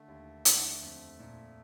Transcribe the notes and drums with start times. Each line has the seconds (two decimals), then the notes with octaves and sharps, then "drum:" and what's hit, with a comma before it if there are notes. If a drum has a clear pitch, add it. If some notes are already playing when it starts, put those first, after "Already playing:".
Already playing: D3 A3
0.08 D#2
0.45 D3, drum: hi-hat
0.82 F2
1.19 A#2